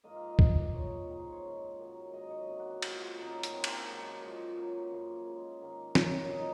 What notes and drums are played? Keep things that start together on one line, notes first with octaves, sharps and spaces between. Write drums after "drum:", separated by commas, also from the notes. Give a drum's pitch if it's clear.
G#2 F3 A#3 D#5
F5
D#5
C3 D#3 A#3, drum: kick C#2
A#2 G#3 C#5
G#2 D#3 G#3
C5
C#5
C#3 F3 G#3
F#2 D#3 F#3
G#2 F#3 A#3 D#5
D#5
C#5
C3 F#3 A#3
F#4
F#4
C#3 F3 G#3 F#4, drum: cymbal
F#4
G#2 D#3 A#3 G#4
C#4
C#4, drum: hi-hat
C3 D#3 A#3 C4
C#4, drum: cymbal
C#4
G#2 F#3 A#3
A#2 F3 G#3
C#3 F#3 A#3 C#4
F#2 C#3 F3 A#3
C#3 F3 G#3
G#2 D#3 A#3
A#2 F#3 A#3 C#4, drum: snare
C#4
D#3 A#3 D#4